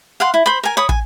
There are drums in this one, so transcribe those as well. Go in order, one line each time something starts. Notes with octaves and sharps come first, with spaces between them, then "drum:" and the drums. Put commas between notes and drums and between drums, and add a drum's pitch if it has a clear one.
F5 F#5 C6
E4
C5 B5
A#4 G#5
C#5 B5 D#6
G#5, drum: kick